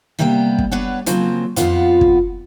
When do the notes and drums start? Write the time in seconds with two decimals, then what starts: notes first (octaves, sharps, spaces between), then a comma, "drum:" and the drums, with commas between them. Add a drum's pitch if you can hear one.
0.19 C3 G3 A#3 B3 C#5 G5
0.58 drum: kick
0.71 B3 D4 B4 C#5 F#5
1.06 C#3 F3 F#3 A#3 C4 C#4, drum: hi-hat
1.56 F2 F3 B3 D#4 F4 F#5, drum: hi-hat
2.01 drum: kick